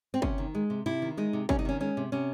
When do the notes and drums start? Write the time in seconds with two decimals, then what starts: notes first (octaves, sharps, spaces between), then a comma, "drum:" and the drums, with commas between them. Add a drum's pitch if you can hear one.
0.14 C4
0.22 C3 C#4, drum: kick
0.38 D#3
0.55 G#3
0.70 C3
0.86 C3 E4
1.02 D#3
1.17 G#3 D#4
1.33 C3
1.49 C3 C#4, drum: kick
1.59 D#4
1.65 D#3 C#4
1.80 G#3 C#4
1.97 C3
2.12 C3 C#4